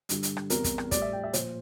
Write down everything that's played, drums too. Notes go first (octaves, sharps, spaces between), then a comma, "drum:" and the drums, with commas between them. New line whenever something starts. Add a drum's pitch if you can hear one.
G2 D3 G3, drum: hi-hat
drum: hi-hat
drum: rim click
E2 C3 G3 A#4, drum: hi-hat
drum: kick, hi-hat
drum: rim click
A2 G3 D5, drum: kick, hi-hat
E5
G5
E5
A#2 F3 C5, drum: hi-hat